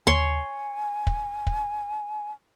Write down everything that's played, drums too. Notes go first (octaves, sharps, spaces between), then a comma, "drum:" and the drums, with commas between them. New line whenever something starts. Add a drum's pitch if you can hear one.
C#5 G#5 C6, drum: tom D#2
drum: kick
drum: kick